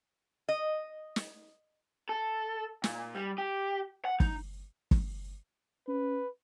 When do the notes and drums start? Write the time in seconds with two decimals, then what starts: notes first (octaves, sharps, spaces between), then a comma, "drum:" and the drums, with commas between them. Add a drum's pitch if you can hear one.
0.49 D#5
1.16 drum: snare
2.09 A4
2.84 A#2, drum: snare
3.15 G3
3.38 G4
4.05 F#5
4.20 D#4, drum: kick
4.91 drum: kick
5.88 C#4 B4